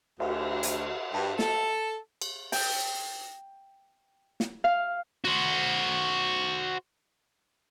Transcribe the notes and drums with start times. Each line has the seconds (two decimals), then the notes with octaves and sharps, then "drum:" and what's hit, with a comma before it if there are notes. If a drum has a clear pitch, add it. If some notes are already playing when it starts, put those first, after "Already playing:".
0.20 D2, drum: cymbal
0.63 drum: hi-hat
1.13 G2
1.39 A4, drum: snare
2.22 drum: cymbal
2.52 G5, drum: open hi-hat
4.40 drum: snare
4.64 F5
5.25 F#4 C5